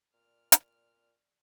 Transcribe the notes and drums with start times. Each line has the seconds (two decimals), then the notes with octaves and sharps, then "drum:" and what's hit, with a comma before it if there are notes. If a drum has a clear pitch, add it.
0.14 A#2 D5 F6
0.52 drum: hi-hat